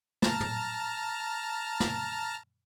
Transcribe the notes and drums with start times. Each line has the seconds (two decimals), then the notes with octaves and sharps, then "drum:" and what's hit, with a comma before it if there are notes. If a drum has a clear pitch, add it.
0.22 A5 A#5 F6, drum: snare
0.40 drum: tom
1.80 drum: snare